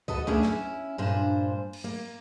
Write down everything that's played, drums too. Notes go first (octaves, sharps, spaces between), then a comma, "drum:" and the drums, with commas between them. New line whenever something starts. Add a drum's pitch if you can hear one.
F#4 A4 B4 D#5, drum: kick
A3 B3 C#4 D4 E4 G#4, drum: kick
C#4 E4, drum: clap
G2 A#2 D4 C5 G#5
drum: cymbal
A#3